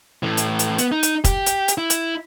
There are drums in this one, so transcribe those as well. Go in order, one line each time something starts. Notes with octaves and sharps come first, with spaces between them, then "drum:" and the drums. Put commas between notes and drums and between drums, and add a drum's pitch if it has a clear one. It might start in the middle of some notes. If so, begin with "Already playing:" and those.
A2 E3
drum: hi-hat
drum: hi-hat
B3, drum: hi-hat
D#4
drum: hi-hat
G4, drum: kick, hi-hat
drum: hi-hat
drum: hi-hat
E4
drum: hi-hat